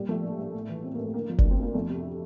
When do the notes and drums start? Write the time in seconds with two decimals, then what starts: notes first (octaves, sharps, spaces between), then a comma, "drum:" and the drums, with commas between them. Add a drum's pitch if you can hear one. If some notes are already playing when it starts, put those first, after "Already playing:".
Already playing: A#2 G3
0.09 F3 A3
0.24 A#1
0.39 A#1
0.54 A2
0.69 E3
0.84 A1 C4
0.94 A#3
0.99 A1
1.04 A3
1.14 D3 A#3
1.30 F3
1.38 D4, drum: kick F#1
1.45 D2
1.51 C4
1.59 D2 A#3
1.74 F2 A3
1.90 C3